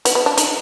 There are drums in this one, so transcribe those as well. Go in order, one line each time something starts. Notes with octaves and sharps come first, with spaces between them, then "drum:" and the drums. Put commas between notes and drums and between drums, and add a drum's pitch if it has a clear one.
B3, drum: hi-hat
B3
D4
D#4, drum: hi-hat